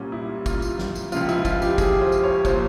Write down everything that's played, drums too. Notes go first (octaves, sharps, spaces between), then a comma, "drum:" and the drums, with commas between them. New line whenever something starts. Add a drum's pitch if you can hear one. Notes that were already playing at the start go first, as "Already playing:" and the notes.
Already playing: C2 A#2 G3 C#4
E4
F4, drum: kick, tambourine
drum: tambourine
drum: snare
drum: tambourine
C#2 C#3 F3 F4, drum: tambourine
E4, drum: tambourine
F4, drum: kick, tambourine
G4, drum: tambourine
G#4, drum: kick, tambourine
C5
drum: tambourine
C#5
A#2 F3 C5, drum: kick, tambourine